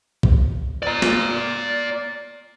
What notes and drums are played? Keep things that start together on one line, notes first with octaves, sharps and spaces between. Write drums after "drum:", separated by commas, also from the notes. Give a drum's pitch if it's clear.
drum: kick
D5 A#5
drum: snare